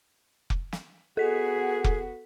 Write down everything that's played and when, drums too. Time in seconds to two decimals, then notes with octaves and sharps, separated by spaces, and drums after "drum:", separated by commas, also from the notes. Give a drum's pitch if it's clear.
0.50 drum: kick F1
0.72 drum: snare
1.17 B3 F#4 G#4 A4 B6
1.84 drum: kick F1